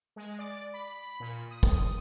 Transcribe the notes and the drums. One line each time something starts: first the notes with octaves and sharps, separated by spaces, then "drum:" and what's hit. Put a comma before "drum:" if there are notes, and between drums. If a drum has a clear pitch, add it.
G#3
D5
B5
A#2
D#6
drum: kick